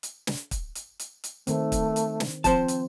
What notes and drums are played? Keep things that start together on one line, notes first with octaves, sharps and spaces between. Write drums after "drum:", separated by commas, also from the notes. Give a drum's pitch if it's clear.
drum: hi-hat
drum: snare
drum: kick, hi-hat
drum: hi-hat
drum: hi-hat
drum: hi-hat
D#3 A3 C4, drum: hi-hat
drum: kick, hi-hat
drum: hi-hat
drum: snare
F3 C4 C5 A5, drum: kick, hi-hat
drum: hi-hat